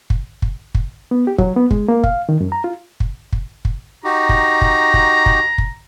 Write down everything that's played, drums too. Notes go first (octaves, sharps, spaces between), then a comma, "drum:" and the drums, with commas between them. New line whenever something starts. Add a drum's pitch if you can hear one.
drum: kick
drum: kick
drum: kick
B3
G4
F#3, drum: kick
B3
G#3, drum: kick
A#3
F5, drum: kick
D#3
F#2
A#5
F4
drum: kick
drum: kick
drum: kick
D#4 F#4 G4 A#5
drum: kick
drum: kick
drum: kick
drum: kick
drum: kick